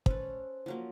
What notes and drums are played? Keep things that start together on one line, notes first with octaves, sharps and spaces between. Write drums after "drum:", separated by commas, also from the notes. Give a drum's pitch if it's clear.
C#4 A4 B4 C5, drum: kick
F3 F#3 A#3